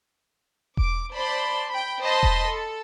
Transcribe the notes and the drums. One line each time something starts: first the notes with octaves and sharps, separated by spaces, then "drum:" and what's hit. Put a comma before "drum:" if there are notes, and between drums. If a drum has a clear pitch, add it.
D6, drum: kick E1
C5 D5 A5 B5 C6
G5 B5
C5 D#5 A5 B5 C6 B6
drum: kick E1
A4